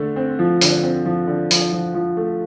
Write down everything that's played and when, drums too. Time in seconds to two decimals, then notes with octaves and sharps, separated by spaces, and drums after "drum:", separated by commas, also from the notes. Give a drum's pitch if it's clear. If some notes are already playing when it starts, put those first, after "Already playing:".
Already playing: D3 A3
0.16 C4
0.39 F3
0.61 D3, drum: hi-hat
0.83 C4
1.05 F3
1.27 D3
1.51 F3, drum: hi-hat
1.72 F3
1.94 F3
2.17 A3